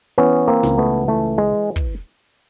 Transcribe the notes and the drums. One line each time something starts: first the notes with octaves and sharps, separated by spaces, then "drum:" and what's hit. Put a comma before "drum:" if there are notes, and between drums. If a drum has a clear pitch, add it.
E3 B3 C#4
A#3 C4
C#2, drum: snare
A3 B3
E3 A3
G#3
drum: kick